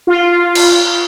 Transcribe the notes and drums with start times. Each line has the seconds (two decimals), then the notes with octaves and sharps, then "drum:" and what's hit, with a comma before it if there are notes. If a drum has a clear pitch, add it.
0.07 F4
0.55 drum: cymbal